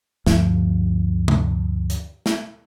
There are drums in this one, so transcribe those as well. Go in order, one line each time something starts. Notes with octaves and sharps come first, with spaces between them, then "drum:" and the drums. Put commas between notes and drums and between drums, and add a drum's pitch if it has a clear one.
D2 G2 F3, drum: snare
drum: tom C3
drum: hi-hat
drum: snare